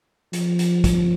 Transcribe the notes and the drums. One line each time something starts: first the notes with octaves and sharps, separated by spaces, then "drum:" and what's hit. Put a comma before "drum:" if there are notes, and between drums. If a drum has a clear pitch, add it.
F3, drum: hi-hat
drum: hi-hat
drum: kick, hi-hat